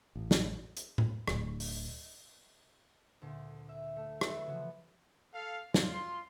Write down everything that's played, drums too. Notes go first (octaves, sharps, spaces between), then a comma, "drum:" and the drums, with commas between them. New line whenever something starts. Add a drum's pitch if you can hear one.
A1
drum: snare
drum: hi-hat
drum: tom A2
D1 D3, drum: rim click
drum: open hi-hat
D2 A#2
E5
A3
A4 B4 C#5 E5, drum: rim click
C#3 E3 F3 F#4
A4 F5
F4 C6, drum: snare